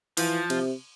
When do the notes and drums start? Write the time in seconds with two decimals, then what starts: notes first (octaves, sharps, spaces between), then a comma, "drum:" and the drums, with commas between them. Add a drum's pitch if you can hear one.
0.17 E3 F3, drum: open hi-hat
0.50 C3, drum: cymbal